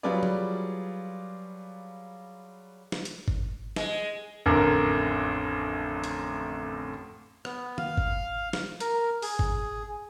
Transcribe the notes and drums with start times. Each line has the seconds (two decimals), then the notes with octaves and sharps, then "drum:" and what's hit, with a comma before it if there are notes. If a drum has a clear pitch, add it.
0.03 F#3 G3 F4 G#4 B4 D5
0.23 drum: tom
2.92 drum: snare
3.05 drum: hi-hat
3.28 drum: kick G1
3.76 G#3, drum: snare
4.46 A1 F2 D3 A#4
6.04 drum: hi-hat
7.45 B3, drum: rim click
7.78 F5, drum: tom
7.97 drum: kick G1
8.53 drum: snare
8.80 A#4, drum: hi-hat
9.22 G#4, drum: open hi-hat
9.39 drum: kick G1